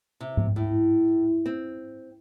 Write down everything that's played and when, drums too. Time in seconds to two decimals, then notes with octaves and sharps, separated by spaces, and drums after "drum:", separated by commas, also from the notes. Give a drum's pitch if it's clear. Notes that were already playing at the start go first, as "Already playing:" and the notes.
0.20 C3
0.37 drum: tom G#2
0.56 A2
1.46 C4